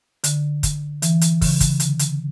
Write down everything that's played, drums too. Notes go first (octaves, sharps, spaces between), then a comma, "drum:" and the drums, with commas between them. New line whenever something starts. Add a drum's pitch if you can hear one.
D3, drum: hi-hat
drum: kick, hi-hat
E3, drum: hi-hat
drum: hi-hat
C#3, drum: kick, open hi-hat
drum: kick, hi-hat
D3, drum: hi-hat
drum: hi-hat